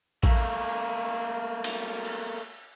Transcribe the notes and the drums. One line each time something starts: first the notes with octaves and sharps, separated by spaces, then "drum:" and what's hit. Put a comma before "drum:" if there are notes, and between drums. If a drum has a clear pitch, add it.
A3 A#3, drum: kick A1
drum: cymbal
drum: cymbal